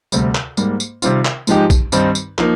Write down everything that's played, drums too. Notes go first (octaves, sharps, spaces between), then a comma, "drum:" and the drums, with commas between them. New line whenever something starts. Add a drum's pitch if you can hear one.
D2 C3 G3, drum: tambourine
drum: clap
G#2 G3 A#3, drum: tambourine
drum: tambourine
C3 D#3 G3 C4 F4, drum: tambourine
drum: clap
G#2 F3 G#3 D#4 G4, drum: tambourine
drum: kick A#1, tambourine
G2 D#3 G3 C4 D#4, drum: tambourine
drum: tambourine
F3 A#3 D#4, drum: clap